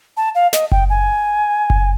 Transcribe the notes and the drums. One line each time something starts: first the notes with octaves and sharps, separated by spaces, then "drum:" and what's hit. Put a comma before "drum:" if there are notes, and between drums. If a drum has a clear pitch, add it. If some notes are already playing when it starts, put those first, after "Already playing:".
A5
F5
D#5, drum: snare
G5, drum: kick F#1
G#5
drum: kick F#1